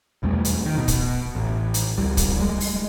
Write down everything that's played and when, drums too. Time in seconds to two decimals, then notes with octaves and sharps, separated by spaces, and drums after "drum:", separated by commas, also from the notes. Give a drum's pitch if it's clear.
0.23 B1 E2 G3 A3
0.45 drum: hi-hat
0.65 D#3
0.78 B2
0.88 drum: kick, hi-hat
1.35 A1
1.74 drum: hi-hat
1.98 C#2 G3
2.17 drum: kick, hi-hat
2.39 G3 G#3
2.60 drum: open hi-hat